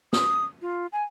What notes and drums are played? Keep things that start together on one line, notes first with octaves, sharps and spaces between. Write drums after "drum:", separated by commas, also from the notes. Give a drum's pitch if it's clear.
D#6, drum: snare
F4
G#5